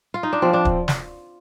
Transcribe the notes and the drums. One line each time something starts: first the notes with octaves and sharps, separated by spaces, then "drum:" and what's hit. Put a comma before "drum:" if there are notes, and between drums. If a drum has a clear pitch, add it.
F4
D#4
D4
F3 C4
D4
drum: kick
drum: snare